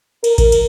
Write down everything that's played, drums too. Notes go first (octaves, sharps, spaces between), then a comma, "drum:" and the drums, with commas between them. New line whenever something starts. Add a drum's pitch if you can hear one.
A#4, drum: cymbal
drum: kick A1, cymbal
drum: cymbal